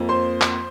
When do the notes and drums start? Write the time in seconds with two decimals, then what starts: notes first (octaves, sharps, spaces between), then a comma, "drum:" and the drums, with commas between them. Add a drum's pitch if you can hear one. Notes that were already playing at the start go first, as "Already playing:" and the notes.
Already playing: F2 F3 A#3
0.09 C5 C6
0.42 drum: clap